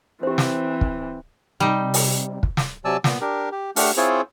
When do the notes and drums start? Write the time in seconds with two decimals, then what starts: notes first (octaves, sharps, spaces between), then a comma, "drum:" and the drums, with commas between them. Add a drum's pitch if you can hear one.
0.23 E3 C4 G4 C5
0.38 drum: snare
0.81 drum: kick
1.60 C3 G3 D#4
1.94 drum: open hi-hat
2.43 drum: kick
2.57 drum: snare
2.85 C3 F#3 D5 G#5 A5 E6
3.04 A#2 B3, drum: snare
3.21 D4 G4 A#4
3.52 G4
3.76 A3 D4 G4 F#5 F6, drum: open hi-hat
3.97 C4 E4 F4 G#4 C5 C#5